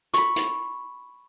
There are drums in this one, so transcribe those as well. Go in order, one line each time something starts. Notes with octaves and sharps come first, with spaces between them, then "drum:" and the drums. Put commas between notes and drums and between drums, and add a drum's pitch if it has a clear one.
B5 C#6, drum: hi-hat
drum: hi-hat